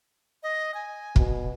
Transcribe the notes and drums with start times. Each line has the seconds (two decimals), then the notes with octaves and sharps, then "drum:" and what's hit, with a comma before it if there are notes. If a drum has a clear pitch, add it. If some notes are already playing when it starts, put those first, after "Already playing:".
0.43 D#5
0.74 G#5
1.16 B2, drum: kick